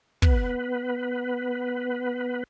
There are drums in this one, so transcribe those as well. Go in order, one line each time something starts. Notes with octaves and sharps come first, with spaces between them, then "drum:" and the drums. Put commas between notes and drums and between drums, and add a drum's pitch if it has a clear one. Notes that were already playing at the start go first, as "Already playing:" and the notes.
B3 B4, drum: kick